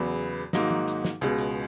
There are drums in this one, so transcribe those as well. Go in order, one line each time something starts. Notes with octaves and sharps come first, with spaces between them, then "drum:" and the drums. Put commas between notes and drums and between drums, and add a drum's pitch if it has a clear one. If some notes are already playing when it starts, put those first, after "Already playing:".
Already playing: E2 C#3 F#3 B3
G#2 D#3 F#3 A#3 D#4, drum: snare
drum: tom
drum: hi-hat
drum: snare
C#2 B2 G#3, drum: hi-hat
drum: hi-hat